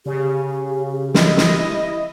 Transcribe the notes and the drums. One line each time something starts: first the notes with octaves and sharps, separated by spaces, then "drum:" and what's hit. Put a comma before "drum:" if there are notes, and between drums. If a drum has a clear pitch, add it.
C#3 G4
E4 D#5, drum: snare
drum: snare